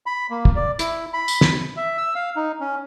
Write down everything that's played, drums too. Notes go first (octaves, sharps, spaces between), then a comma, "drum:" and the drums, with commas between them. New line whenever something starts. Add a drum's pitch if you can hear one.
B5
A#3
drum: kick
D5
E4, drum: hi-hat
B5
drum: tambourine
drum: snare
E5
E6
F5
D#4
C#4